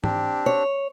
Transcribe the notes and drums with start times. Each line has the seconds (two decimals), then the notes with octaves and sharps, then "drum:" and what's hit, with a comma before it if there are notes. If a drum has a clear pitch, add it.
0.04 C4 D4 G4, drum: tom
0.46 C#5